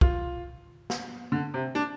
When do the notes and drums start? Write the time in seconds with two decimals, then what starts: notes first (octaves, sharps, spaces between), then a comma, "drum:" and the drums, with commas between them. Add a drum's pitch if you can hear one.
0.01 F4, drum: kick
0.90 drum: snare
1.32 D3
1.54 C3
1.75 D4